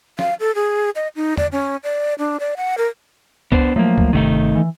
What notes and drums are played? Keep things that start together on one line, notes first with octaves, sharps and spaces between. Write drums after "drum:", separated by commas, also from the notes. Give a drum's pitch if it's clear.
F5, drum: snare
A4
G#4
D#5
D#4
D5, drum: tom E2
C#4
D5
D4
D5
F#5
A#4
B3 D4 C5, drum: kick C#2
F3 F#3 A3 A#3
drum: kick C#2
G1 C3 D#3 A3 D#4
E3